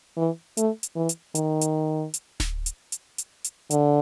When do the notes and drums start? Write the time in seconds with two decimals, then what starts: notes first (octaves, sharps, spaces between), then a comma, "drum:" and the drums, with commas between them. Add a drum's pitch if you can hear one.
0.17 E3
0.57 A3, drum: hi-hat
0.83 drum: hi-hat
0.96 E3
1.09 drum: hi-hat
1.35 D#3, drum: hi-hat
1.61 drum: hi-hat
2.14 drum: hi-hat
2.40 drum: snare D1
2.66 drum: hi-hat
2.92 drum: hi-hat
3.18 drum: hi-hat
3.44 drum: hi-hat
3.71 D3, drum: hi-hat